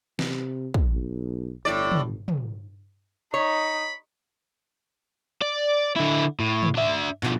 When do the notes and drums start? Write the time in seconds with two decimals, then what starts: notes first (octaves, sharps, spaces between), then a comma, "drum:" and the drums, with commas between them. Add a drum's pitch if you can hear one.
0.19 C3, drum: snare
0.74 drum: kick
0.92 B1
1.65 G1 A2 D5
1.92 drum: tom
2.28 drum: tom
3.34 D#4 C#5 B5
5.42 D5
5.96 D3 E4
6.39 A2
6.63 drum: tom
6.75 D4 E5
7.23 B2 F3, drum: clap